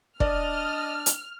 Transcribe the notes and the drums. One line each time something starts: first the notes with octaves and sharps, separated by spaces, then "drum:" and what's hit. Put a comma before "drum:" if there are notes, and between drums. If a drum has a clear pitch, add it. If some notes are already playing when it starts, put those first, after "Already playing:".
D4 D5 D#5 F6, drum: kick
drum: hi-hat